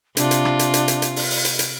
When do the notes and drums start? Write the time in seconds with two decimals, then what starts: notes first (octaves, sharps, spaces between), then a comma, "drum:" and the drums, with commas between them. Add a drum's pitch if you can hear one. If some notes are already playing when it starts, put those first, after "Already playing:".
0.17 C3 D4 F4, drum: hi-hat
0.31 drum: hi-hat
0.45 drum: rim click
0.59 drum: hi-hat
0.74 drum: hi-hat
0.88 drum: hi-hat
1.02 drum: hi-hat
1.16 drum: open hi-hat
1.30 drum: open hi-hat
1.45 drum: hi-hat
1.59 drum: hi-hat